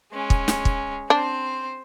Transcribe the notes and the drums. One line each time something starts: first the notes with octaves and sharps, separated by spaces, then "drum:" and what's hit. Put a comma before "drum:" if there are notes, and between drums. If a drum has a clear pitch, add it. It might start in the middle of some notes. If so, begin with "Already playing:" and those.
G#3 C#4
drum: kick
drum: snare
drum: kick
C4 D4 C5